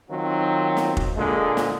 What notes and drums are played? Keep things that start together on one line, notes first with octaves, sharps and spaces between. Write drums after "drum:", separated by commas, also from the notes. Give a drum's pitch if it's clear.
D#3 F#3 C4 F4
drum: snare
drum: kick F1
A#2 D3 G#3
drum: snare